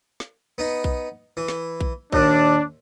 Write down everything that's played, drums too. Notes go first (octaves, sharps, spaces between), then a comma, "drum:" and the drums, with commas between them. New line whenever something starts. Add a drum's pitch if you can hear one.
drum: snare
B3 D#4
drum: kick B1
E3
drum: snare
drum: kick B1
D#2 A#2 D4, drum: kick B1